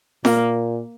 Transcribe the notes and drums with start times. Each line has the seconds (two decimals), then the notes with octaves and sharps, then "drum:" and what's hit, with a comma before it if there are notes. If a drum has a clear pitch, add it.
0.25 A#2 A#3, drum: snare